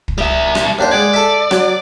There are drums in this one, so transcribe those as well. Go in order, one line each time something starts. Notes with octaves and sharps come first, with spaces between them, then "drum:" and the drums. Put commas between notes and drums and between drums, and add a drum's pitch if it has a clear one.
drum: kick
G3 D#5 E5
drum: rim click
D#2 D4 C5
G#3 D5 F#5 G#5
A4 E5
F#3, drum: rim click